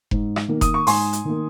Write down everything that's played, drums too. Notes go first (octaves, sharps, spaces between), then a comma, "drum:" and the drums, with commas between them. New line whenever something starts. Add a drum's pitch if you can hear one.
G#2, drum: kick F1
drum: rim click
D#3 A#3
D#6, drum: kick F1, hi-hat
C#6
G#2 G#5 C6, drum: open hi-hat
drum: hi-hat
D#3 A#3